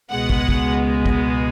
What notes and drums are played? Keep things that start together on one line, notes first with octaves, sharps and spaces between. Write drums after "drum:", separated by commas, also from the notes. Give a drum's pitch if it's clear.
C#2 B2 G#3 B3 F#5
drum: kick
drum: kick
drum: kick